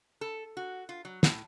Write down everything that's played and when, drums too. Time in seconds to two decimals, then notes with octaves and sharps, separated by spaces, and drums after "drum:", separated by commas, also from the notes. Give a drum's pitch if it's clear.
0.21 A4
0.57 F#4
0.89 F4
1.05 F#3
1.23 A2, drum: snare